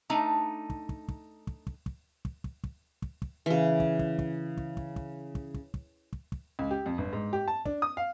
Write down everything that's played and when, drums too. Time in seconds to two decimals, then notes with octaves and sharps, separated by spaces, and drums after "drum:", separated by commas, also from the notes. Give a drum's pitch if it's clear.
0.10 A3 D4 D#4 A#5
0.70 drum: kick
0.89 drum: kick
1.08 drum: kick
1.47 drum: kick
1.67 drum: kick
1.86 drum: kick
2.25 drum: kick
2.44 drum: kick
2.64 drum: kick
3.02 drum: kick
3.22 drum: kick
3.46 C#3 E3
3.80 drum: kick
3.99 drum: kick
4.19 drum: kick
4.57 drum: kick
4.77 drum: kick
4.96 drum: kick
5.35 drum: kick
5.54 drum: kick
5.74 drum: kick
6.13 drum: kick
6.32 drum: kick
6.59 C#2
6.71 G4
6.86 F2
6.98 G1
7.13 G#2
7.33 G4
7.48 A5
7.65 D4, drum: kick
7.82 D#6
7.97 F5